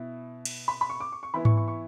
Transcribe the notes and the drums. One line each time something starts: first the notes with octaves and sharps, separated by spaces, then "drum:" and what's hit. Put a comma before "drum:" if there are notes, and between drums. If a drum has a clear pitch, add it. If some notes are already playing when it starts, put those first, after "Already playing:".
Already playing: B2 E4
drum: cymbal
B5
B5
C#6
D6
C#6
C#6
E3 B3 E4 B5
C#6, drum: tom G#2
C#6
C#6